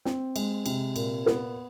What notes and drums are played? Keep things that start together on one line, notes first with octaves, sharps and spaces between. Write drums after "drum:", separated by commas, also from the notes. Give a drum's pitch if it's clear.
C4, drum: snare
G#3, drum: cymbal
C3, drum: cymbal
A#2, drum: cymbal
B3, drum: snare